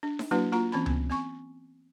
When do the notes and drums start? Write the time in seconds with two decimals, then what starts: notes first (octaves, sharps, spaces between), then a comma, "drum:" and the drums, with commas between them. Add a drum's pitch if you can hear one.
0.03 D4
0.19 drum: snare D#4
0.31 F#3 A#3 D4 E4 F#4 B4
0.52 A#3 F4 A#5
0.72 E3 C4 C#4 B5
0.86 B3, drum: tom C#2
1.10 C4 G#5 C#6